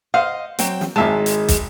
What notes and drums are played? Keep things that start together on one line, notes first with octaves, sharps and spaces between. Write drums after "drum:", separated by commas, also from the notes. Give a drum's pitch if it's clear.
C5 D#5 F5 F#5
F#3 C4 G5, drum: hi-hat
drum: snare
G#1 D#3 G#3 E5 A5
drum: hi-hat
drum: kick, hi-hat